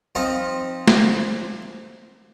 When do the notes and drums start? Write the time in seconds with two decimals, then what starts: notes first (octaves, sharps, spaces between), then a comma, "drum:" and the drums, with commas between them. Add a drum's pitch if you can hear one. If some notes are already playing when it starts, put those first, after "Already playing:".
0.15 F3 C4 D#4 F4
0.88 drum: snare